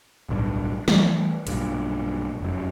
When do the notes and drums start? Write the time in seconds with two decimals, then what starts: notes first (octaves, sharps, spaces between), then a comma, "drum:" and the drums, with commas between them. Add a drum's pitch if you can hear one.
0.29 D1 B1 G2 D4
0.88 E3 G3 A3, drum: snare
1.47 B1 G2 A#2, drum: hi-hat
2.41 F1 F#2